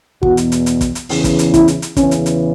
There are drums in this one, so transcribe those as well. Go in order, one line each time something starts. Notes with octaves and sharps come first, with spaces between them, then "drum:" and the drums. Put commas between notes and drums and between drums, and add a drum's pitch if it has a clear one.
E2 B2 F#4, drum: kick
drum: hi-hat
drum: hi-hat
drum: hi-hat
drum: kick, hi-hat
drum: hi-hat
E2 C#3 E3, drum: open hi-hat
drum: kick, hi-hat
drum: hi-hat
E4, drum: kick, hi-hat
drum: hi-hat
drum: hi-hat
E2 C#3 E3 C#4, drum: kick, hi-hat
drum: hi-hat
drum: hi-hat